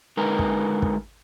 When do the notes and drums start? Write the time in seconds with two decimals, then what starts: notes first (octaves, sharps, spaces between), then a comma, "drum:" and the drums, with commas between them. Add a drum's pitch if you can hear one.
0.17 D3 G#3 D#4 A#4 B4
0.39 drum: kick
0.82 drum: kick